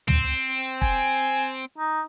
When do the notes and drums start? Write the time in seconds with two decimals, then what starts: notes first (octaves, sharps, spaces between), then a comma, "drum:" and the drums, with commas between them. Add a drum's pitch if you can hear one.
0.08 C4, drum: tom
0.82 G#5, drum: kick
1.78 D#4